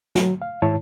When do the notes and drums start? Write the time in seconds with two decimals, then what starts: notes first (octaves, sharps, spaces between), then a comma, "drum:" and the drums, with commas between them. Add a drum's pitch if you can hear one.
0.15 F#3, drum: snare
0.42 F5
0.62 G#2 D#3 E4 C#5 A5